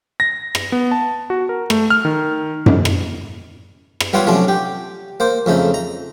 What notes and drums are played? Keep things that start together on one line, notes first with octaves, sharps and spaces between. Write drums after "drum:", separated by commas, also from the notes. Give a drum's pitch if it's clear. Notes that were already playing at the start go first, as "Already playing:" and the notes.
A#6
drum: rim click
B3
A5
F#4
A#4
A3, drum: rim click
F6
D#3
drum: tom F#2
drum: rim click
drum: rim click
G3 B3 F4 C#5 F#5 C6
C3 F3 F#3 A3 C#4 D4
G4
A#3 C5
F2 C#3 A3 D#4
A#5